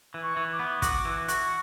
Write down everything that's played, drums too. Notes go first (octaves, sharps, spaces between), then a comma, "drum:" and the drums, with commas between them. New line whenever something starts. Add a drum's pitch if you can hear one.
E3
C#6
E3
D6
B3
F#4 D6, drum: kick, hi-hat
E3
F#4 C#6, drum: hi-hat